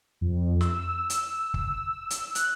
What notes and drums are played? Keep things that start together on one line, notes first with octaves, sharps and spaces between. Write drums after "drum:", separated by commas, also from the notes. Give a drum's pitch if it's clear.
F2
E6, drum: snare
drum: hi-hat
drum: kick
drum: hi-hat
F#6, drum: hi-hat